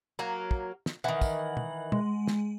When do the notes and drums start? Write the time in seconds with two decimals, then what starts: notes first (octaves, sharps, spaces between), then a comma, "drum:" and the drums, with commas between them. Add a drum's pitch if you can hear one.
0.19 F#3 A#3
0.51 drum: kick
0.86 drum: snare
1.04 D#3 E3 F#5
1.21 drum: kick, tambourine
1.57 drum: tom
1.92 G#3, drum: tom
2.27 drum: snare